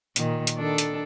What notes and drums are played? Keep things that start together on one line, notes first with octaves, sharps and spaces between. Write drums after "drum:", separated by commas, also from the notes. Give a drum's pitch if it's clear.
A#2 D#3, drum: hi-hat
drum: hi-hat
D#3 D4 A4
drum: hi-hat